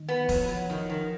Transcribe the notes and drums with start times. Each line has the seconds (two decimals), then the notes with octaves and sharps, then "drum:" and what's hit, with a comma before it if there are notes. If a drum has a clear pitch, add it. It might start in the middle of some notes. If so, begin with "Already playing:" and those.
Already playing: D#3
0.09 B3
0.23 E3
0.29 F3 F#3, drum: kick, open hi-hat
0.49 F#3
0.70 D#3
0.90 D#3